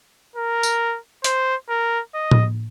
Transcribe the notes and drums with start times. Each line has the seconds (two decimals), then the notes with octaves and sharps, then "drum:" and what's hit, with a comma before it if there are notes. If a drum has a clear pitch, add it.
0.36 A#4
0.63 drum: tambourine
1.24 C5, drum: hi-hat
1.70 A#4
2.15 D#5
2.31 drum: tom A2